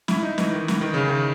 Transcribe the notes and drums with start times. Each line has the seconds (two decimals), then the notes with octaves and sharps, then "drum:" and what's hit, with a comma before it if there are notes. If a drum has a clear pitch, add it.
0.08 E4, drum: snare
0.23 D#4
0.38 E3, drum: snare
0.53 D#3
0.68 E3, drum: snare
0.81 D#3
0.94 C#3
1.08 D#3